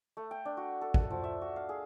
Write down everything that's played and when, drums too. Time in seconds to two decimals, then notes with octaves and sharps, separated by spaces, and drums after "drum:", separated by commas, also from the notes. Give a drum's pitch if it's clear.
0.17 A3
0.31 G5
0.45 D4
0.57 F#4
0.81 A4
0.94 F#5, drum: kick
1.11 F3
1.24 E5
1.42 F#4
1.56 F5
1.69 G#4